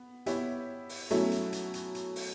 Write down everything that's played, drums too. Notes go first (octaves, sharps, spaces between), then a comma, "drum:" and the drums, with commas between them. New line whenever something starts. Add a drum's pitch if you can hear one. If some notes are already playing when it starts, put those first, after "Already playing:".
Already playing: B3
B3 E4 G4 C#5, drum: hi-hat
drum: open hi-hat
B2 F#3 A3 C#4 E4, drum: hi-hat
drum: hi-hat
drum: hi-hat
drum: hi-hat
drum: hi-hat
drum: open hi-hat